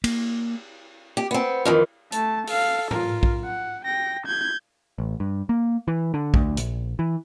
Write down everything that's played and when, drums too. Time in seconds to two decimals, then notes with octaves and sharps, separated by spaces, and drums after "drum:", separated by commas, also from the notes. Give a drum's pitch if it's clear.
0.04 A#3, drum: cymbal
1.17 G4
1.31 B3 C4
1.65 F2 D#3 E3
2.12 A3 A5, drum: hi-hat
2.47 A4 F5, drum: open hi-hat
2.91 F4 A#4, drum: tom G#2
3.23 drum: kick
3.44 F#5
3.85 G5 A#6
4.26 G6 G#6
4.98 A1
5.20 G2
5.49 A#3
5.88 E3
6.14 D3
6.34 D2, drum: kick
6.57 A#1, drum: hi-hat
6.99 E3